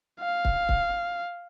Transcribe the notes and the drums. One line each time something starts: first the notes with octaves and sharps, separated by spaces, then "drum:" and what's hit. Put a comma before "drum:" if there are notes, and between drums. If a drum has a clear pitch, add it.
F5
drum: kick C#1
drum: kick C#1